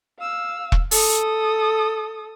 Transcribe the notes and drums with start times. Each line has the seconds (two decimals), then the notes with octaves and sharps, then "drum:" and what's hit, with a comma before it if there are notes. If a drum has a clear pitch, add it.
0.19 F5 E6
0.72 drum: kick E1
0.91 A4 D#6, drum: open hi-hat